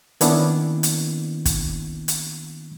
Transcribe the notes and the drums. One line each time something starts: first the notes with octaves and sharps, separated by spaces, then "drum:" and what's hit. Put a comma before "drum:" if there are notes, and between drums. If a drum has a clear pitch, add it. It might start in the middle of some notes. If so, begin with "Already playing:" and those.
D#3 A#3 B3 C#4 D4 E4, drum: hi-hat
drum: hi-hat
drum: kick, hi-hat
drum: hi-hat